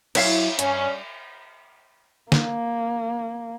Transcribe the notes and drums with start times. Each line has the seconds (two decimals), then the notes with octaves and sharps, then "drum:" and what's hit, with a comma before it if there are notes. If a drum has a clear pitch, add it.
0.15 F#3 E4 C#5 E5 F5, drum: cymbal
0.59 G2 C#4, drum: hi-hat
2.32 A#3, drum: snare